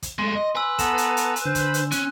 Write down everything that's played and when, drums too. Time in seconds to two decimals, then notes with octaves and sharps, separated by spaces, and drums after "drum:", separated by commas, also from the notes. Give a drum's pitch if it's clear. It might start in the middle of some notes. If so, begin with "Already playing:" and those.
0.02 drum: kick, hi-hat
0.19 G#3 A3 C6
0.35 D#5
0.55 B4 G#5 E6
0.79 B3 A4 A#5 E7, drum: kick, hi-hat
0.98 drum: hi-hat
1.17 drum: hi-hat
1.36 drum: hi-hat
1.45 D3 C5
1.55 drum: kick, hi-hat
1.74 drum: hi-hat
1.92 C#4 F#6 D#7, drum: hi-hat